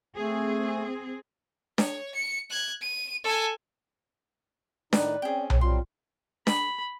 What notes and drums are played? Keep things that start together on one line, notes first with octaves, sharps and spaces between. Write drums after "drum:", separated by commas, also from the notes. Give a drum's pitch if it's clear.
A3 C4 G#4
C#5, drum: snare D4
C#7
F#6 G#6
D#7
A4 G#5
A2 D#3 D#4 B4 D5, drum: snare D4
C4 C#4 G#4 G5
C#5, drum: tom B1
F#3 G3 C4 F4 C6
B5, drum: snare D4